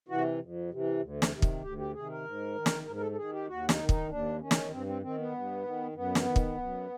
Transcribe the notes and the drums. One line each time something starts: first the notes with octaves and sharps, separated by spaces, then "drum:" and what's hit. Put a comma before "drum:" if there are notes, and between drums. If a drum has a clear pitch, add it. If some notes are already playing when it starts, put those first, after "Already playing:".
C3 E3 F#4
F2
C3 E3
D2
drum: snare
C3 D#3
drum: kick
D2 G4
G4
C3 D#3 G#4
A#4
G#2
D#3
drum: snare
G#2 A#4
A#4
A4
A4
D#3 G#4
G4
D#2 F#4
D#4, drum: snare
D#3
D#4, drum: kick
D#2 D4
D#3 C#4
drum: snare
G2 C4
C4
D#3 C4
B3
G2
D#3
F#2 B3
drum: snare
D#3
drum: kick
F#2